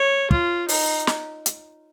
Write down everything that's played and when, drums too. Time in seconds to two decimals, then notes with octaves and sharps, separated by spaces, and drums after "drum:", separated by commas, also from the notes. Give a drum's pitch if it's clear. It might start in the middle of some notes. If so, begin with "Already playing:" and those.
Already playing: C#5
0.31 F4, drum: kick
0.68 D#4, drum: open hi-hat
1.07 drum: snare
1.46 drum: hi-hat